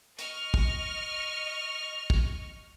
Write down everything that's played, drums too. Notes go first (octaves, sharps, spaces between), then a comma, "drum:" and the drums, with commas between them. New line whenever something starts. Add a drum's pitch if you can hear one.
D#5 C#6 F6, drum: hi-hat
drum: kick
drum: kick